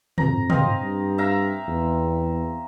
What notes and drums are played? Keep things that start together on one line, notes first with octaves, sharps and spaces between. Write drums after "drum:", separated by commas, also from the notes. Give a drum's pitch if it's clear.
F2 A#5, drum: tom
C4 D#5 F5, drum: tom
G2
E5 F5 A#5
E2